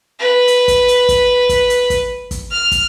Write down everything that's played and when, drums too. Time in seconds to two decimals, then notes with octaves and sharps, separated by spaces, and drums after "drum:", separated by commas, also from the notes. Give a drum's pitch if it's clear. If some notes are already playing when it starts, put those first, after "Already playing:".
0.19 B4
0.48 drum: hi-hat
0.68 drum: kick, hi-hat
0.88 drum: hi-hat
1.09 drum: kick, hi-hat
1.49 drum: kick, hi-hat
1.70 drum: hi-hat
1.90 drum: kick, hi-hat
2.31 drum: kick, hi-hat
2.51 F6
2.72 drum: kick, hi-hat